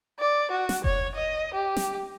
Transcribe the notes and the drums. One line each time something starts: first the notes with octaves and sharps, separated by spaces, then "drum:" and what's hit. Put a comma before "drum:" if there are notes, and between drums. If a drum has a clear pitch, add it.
D5
F#4
drum: snare
C#5, drum: kick F1
D#5
G4
drum: snare